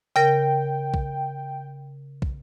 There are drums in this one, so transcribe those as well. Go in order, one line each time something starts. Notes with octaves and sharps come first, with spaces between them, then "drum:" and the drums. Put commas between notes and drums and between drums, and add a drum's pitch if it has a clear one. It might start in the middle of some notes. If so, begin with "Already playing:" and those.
C#3 A#4 G5
drum: kick
drum: kick